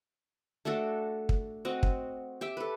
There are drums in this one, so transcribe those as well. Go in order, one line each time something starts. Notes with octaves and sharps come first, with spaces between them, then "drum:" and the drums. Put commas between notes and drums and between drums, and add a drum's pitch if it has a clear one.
A3 D4 F#4 A4
drum: kick
C4 F#4 D#5
drum: kick
G4 E5 G5
A4 B4